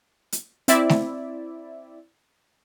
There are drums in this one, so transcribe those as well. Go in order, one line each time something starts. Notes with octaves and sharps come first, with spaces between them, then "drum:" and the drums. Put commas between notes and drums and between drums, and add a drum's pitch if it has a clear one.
drum: hi-hat
C4 E4 D5 E5, drum: hi-hat
drum: snare A3